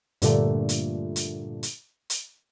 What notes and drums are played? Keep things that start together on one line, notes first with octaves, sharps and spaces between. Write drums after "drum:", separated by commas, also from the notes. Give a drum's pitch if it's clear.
G2 A#2 D3 A3, drum: hi-hat
drum: hi-hat
drum: hi-hat
drum: hi-hat
drum: hi-hat